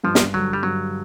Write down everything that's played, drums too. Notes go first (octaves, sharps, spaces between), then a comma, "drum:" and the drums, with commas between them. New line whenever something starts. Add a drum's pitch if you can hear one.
G2 F3
drum: snare
D3 F#3 G3
G3
G2 F#3